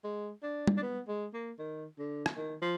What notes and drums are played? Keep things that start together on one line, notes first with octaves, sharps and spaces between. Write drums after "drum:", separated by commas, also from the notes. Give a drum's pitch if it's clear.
G#3
D4
drum: tom
D4
B3
G#3
A#3
D#3
D3
drum: rim click
D#3
F3